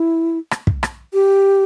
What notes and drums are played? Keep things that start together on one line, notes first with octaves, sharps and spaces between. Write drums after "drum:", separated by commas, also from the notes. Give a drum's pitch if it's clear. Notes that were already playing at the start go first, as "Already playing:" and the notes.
Already playing: E4
drum: rim click
drum: kick
drum: rim click
G4